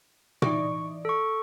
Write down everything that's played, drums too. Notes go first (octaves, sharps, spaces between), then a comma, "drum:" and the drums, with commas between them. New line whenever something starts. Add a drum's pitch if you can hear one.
E3 D#4 D5 C#6, drum: tom A#2
A4 C#6